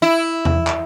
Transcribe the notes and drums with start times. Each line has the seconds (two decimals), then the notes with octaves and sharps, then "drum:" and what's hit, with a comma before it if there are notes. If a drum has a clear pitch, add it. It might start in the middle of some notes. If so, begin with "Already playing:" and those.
0.02 E4
0.45 drum: tom E2
0.67 drum: clap